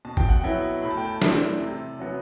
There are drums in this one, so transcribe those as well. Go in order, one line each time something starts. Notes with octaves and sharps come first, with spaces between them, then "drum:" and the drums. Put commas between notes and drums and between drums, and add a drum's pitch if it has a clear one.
B2 A5
G5, drum: kick
F#5
F#3 B3 E4 G5
A2 B5
A5
G5
A5
E3 G3 C4, drum: snare
C3
F#3 B3